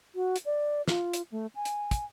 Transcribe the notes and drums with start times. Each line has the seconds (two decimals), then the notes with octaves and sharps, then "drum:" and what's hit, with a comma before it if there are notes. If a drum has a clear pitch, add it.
0.15 F#4
0.36 drum: hi-hat
0.45 D5
0.88 F4, drum: snare
1.13 drum: hi-hat
1.32 A3
1.55 G#5
1.65 drum: hi-hat
1.91 drum: kick, hi-hat